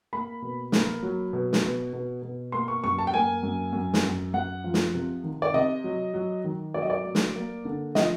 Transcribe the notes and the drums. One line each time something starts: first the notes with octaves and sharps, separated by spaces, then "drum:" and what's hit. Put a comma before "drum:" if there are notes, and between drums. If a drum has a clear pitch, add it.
A#3 B5
B2
A#3, drum: snare
F#3
B2
drum: snare
B2
B2
B2
A#3 C6
C#6
F#2 C#6
A5
G5
A#3 G#5
F#2
F#2
drum: snare
F#2
F#2 F#5
F3
drum: snare
C3
D#3
D5
C3 D#5
F#3
F#3
D#3
F#3 D5
D#5
D5
F#3
drum: snare
A#3
D3
F3 D#5, drum: snare